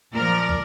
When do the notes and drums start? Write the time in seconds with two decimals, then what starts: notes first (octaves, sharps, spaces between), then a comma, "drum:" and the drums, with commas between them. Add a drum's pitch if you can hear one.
0.14 A#2 F3 A#4 D5
0.49 drum: kick